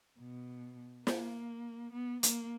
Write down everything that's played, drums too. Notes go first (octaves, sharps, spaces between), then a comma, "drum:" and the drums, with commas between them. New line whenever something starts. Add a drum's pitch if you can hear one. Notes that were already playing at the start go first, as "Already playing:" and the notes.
B2
A#3, drum: snare
B3
A#3, drum: hi-hat